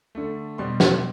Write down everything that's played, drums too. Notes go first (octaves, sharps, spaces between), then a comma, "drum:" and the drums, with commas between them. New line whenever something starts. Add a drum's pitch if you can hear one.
D3 A3
B2 G3 C6
drum: snare